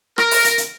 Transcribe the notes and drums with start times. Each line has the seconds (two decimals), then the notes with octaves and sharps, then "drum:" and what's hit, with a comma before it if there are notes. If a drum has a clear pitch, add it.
0.18 A#4, drum: rim click
0.31 drum: open hi-hat
0.44 drum: hi-hat
0.58 drum: hi-hat